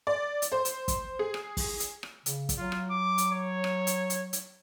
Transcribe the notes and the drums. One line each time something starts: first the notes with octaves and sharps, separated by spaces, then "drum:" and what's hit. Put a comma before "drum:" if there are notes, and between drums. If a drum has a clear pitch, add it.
D5
drum: hi-hat
C5
drum: hi-hat
drum: kick, hi-hat
G#4
drum: rim click
drum: kick, open hi-hat
drum: hi-hat
drum: rim click
C#3, drum: hi-hat
drum: kick, hi-hat
F#3 F4
drum: rim click
D6
drum: hi-hat
C#5
drum: rim click
drum: hi-hat
drum: hi-hat
drum: hi-hat